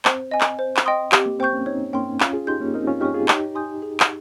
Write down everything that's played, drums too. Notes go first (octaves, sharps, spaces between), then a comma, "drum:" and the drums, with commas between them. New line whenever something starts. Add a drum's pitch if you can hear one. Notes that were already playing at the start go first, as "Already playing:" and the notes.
C4 C5, drum: clap
D#5 G#5
drum: clap
C5
drum: clap
D#5 G5 C6 D#6
C4 G4, drum: clap
A#3
C4 C5 G5 C#6 G6
A#3 C#4
C4 D#4 C#5
A#3 C#4 G5 C6
C#4 F4 F5, drum: clap
F4 G#4
D#4 G4 C6 G6
A#3 C#4
C4 D#4 A#4
C#4 F4
D#4 G4 C#5 G#5 C#6 F6
F4 G#4
D#4 G4 C#5, drum: clap
G#5 C6 D#6 G6
G#4
drum: clap